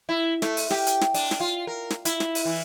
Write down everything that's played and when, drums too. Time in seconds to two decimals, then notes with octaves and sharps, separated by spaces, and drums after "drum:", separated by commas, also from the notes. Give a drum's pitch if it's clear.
0.09 E4
0.42 A3, drum: snare
0.57 drum: open hi-hat
0.70 G4, drum: snare
0.87 drum: hi-hat
1.01 drum: snare
1.14 D4, drum: open hi-hat
1.31 drum: snare
1.40 F4
1.67 A#4
1.90 drum: snare
2.05 E4, drum: hi-hat
2.20 drum: snare
2.35 drum: open hi-hat
2.45 E3